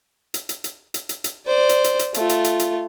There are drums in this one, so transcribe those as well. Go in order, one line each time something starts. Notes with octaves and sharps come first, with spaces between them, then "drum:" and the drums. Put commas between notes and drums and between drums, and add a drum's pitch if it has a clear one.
drum: hi-hat
drum: hi-hat
drum: hi-hat
drum: hi-hat
drum: hi-hat
drum: hi-hat
C5 D5
drum: hi-hat
drum: hi-hat
drum: hi-hat
A3 F4, drum: hi-hat
drum: hi-hat
drum: hi-hat
drum: hi-hat